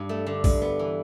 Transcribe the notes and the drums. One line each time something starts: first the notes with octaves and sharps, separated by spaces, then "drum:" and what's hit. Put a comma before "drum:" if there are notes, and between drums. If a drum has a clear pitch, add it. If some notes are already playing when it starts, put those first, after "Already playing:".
Already playing: G2
A3
D3
G2, drum: kick, open hi-hat
B3
E3